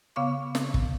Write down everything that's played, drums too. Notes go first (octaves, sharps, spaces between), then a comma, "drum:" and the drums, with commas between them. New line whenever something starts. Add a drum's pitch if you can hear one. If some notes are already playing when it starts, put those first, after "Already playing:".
C#3 B3 F5 C#6 D6
drum: snare
drum: kick